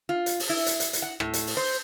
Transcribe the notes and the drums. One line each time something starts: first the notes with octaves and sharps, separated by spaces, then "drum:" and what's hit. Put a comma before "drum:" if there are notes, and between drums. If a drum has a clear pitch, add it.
F4
drum: hi-hat
drum: open hi-hat
E4
drum: hi-hat
drum: hi-hat
drum: hi-hat
F#5
A2, drum: rim click
drum: hi-hat
drum: open hi-hat
C5